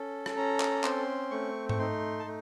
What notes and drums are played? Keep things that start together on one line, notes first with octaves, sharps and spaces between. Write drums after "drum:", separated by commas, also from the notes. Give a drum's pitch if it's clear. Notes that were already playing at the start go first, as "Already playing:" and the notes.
Already playing: C#4 A4
drum: rim click
C#4 A#5
drum: clap
C4 C6, drum: clap
A3 C#6
C#6, drum: tom G#2
D#4 C6
A5
A3